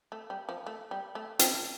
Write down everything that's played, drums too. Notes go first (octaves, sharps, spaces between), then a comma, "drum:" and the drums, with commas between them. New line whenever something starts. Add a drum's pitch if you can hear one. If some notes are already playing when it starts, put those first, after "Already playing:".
A3
G3
F3
A3
G3
A3
C4, drum: hi-hat